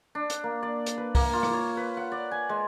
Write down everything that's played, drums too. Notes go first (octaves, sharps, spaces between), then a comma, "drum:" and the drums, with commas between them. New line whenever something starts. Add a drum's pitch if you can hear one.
D4
drum: hi-hat
A#3
D5
drum: hi-hat
B4
A#3, drum: kick C2, open hi-hat
F4
drum: rim click
C#5
B4
F#5
D5
G#5
G#3